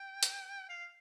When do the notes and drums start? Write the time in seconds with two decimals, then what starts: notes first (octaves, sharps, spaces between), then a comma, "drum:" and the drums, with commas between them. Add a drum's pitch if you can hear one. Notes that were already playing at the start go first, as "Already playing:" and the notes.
Already playing: G5
0.23 drum: hi-hat
0.69 F5